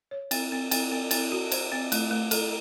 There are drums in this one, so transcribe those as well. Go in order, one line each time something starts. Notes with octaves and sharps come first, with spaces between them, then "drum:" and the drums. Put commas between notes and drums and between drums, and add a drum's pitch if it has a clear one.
C#5
C4, drum: cymbal
C4
C4, drum: cymbal
C4
C4, drum: cymbal
F#4
C5, drum: cymbal
C4
A3, drum: cymbal
A3
A4, drum: cymbal